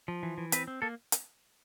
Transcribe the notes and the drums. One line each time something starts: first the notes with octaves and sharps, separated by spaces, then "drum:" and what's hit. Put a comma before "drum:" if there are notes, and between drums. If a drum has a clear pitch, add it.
F3
E3
E3
C4 B4, drum: hi-hat
C4
A#3 A4
drum: hi-hat